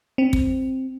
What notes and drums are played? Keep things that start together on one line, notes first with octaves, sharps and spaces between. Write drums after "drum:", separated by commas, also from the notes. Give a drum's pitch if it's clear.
C4
drum: kick